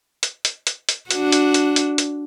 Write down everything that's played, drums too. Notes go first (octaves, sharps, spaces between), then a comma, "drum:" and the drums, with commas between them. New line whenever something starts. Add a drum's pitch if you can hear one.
drum: hi-hat
drum: hi-hat
drum: hi-hat
drum: hi-hat
D4 F#4, drum: hi-hat
drum: hi-hat
drum: hi-hat
drum: hi-hat
drum: hi-hat